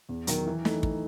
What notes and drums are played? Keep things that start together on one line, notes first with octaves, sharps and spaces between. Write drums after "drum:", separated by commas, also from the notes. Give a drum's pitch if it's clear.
E2
D#3 F#3, drum: hi-hat
E3
A3 D#4, drum: snare
drum: kick